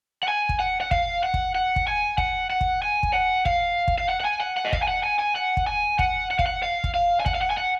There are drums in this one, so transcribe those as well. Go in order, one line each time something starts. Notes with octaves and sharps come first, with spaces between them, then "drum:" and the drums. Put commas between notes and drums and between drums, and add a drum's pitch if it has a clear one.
F#5
G#5
drum: kick
F#5
F#5
F5, drum: kick
F#5
drum: kick
F#5
drum: kick
G#5
F#5, drum: kick
F#5
drum: kick
G#5
drum: kick
F#5
F5, drum: kick
drum: kick
F5
F#5
F#5
G#5
F#5
F#5
D#5
F5, drum: kick
G#5
F#5
G#5
G#5
F#5
drum: kick
G#5
F#5, drum: kick
F#5
F5, drum: kick
F#5
F5
drum: kick
F5
G#5
F#5, drum: kick
F5
F#5
G#5
F#5